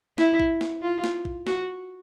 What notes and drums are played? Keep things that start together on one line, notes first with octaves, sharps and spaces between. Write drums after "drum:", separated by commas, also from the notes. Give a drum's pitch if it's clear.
E4, drum: snare
drum: kick
drum: snare
F4
drum: snare
drum: kick
F#4, drum: snare